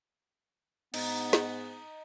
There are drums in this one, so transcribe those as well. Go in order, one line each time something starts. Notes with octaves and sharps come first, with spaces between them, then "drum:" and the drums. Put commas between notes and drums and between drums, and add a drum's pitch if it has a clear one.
G#2 B3 D#4, drum: cymbal
drum: snare